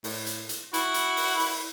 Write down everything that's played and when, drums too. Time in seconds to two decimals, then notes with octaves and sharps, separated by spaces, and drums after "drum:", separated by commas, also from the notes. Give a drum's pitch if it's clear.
0.04 A2, drum: open hi-hat
0.26 drum: hi-hat
0.49 drum: hi-hat
0.74 E4 F#4, drum: hi-hat
0.94 drum: hi-hat
1.17 drum: open hi-hat
1.39 drum: open hi-hat